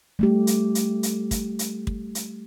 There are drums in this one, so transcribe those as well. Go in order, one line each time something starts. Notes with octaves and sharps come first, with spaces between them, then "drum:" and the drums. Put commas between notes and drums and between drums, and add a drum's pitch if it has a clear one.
G3 A3 G4
drum: hi-hat
drum: hi-hat
drum: hi-hat
drum: kick, hi-hat
drum: hi-hat
drum: kick
drum: hi-hat